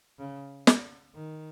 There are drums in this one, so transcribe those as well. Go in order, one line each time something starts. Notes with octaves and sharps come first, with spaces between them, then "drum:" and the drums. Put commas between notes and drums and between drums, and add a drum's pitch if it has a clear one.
C#3
drum: snare
D#3